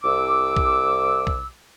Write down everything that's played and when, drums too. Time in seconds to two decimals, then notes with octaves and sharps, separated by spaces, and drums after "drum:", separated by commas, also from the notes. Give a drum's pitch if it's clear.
0.04 C2 D6 E6
0.56 drum: kick B1
1.27 drum: kick B1